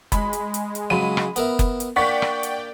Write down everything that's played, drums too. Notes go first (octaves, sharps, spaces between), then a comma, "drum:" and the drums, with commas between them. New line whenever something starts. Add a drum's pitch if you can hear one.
G#3 B5, drum: kick F#1, hi-hat
drum: hi-hat
drum: hi-hat
drum: hi-hat
C#3 F#3 B5 D#7
drum: rim click
B3 A#4 E5, drum: hi-hat
drum: kick F#1, hi-hat
drum: hi-hat
A#3 D4 D5 F#5 G5 C#6 B6
drum: rim click
drum: hi-hat